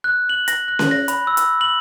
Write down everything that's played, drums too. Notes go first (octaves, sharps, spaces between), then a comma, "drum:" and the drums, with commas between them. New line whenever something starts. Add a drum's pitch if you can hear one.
F#6
F#7
A#6, drum: hi-hat
F#6
drum: snare C#4
A#6
B5, drum: hi-hat
E6
drum: hi-hat
F#7